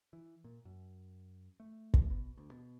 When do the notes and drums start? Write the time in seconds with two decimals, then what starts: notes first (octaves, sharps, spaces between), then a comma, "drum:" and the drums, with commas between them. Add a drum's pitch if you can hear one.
0.13 E3
0.44 A#2
0.65 F#2
1.60 A3
1.94 drum: kick
2.10 B2
2.37 D2
2.51 B2